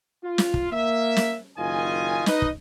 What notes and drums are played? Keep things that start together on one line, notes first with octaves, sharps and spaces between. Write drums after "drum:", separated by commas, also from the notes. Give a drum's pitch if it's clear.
F4
drum: snare
drum: kick
A#3 E5
drum: snare
F#1 D#3 F4 D#5 G#5
D#4 B4 D#5, drum: snare
drum: kick